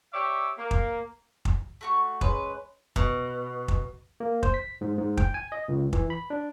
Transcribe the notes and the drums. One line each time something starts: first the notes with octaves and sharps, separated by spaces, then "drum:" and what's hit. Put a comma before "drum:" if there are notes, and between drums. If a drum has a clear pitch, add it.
G4 C#5 D5 E5
A#3
drum: kick
drum: kick
A3 F#4 C#6
G#3 C#4 B4, drum: kick
B2, drum: kick
drum: kick
A#3
C5, drum: kick
B6
G#2
G#2
G5, drum: kick
G#5
D#5
C#2
E3, drum: kick
B5
D4